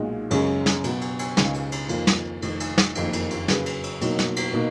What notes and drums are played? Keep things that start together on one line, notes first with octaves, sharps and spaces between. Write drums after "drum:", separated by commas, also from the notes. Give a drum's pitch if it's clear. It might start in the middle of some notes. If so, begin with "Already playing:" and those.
Already playing: B1 A#2 G#3 D#4 F#4
F#2 C#3 G#3 C#4 G#4, drum: cymbal
drum: snare
B2 F#3 B3, drum: cymbal
drum: cymbal
drum: cymbal
C#2 C#3 G#3 D#4, drum: snare
drum: cymbal
drum: cymbal
F2 D#3 A#3 F4, drum: cymbal
drum: snare
F1 F2 D#3, drum: cymbal
drum: cymbal
drum: snare
F#1 F2 D#3 A#3 D#4, drum: cymbal
drum: cymbal
drum: cymbal
C#3 F#3 C#4 G#4 B4, drum: snare
drum: cymbal
drum: cymbal
B2 F#3 A#3 D#4, drum: cymbal
drum: snare
drum: cymbal
B2 A#3 D#4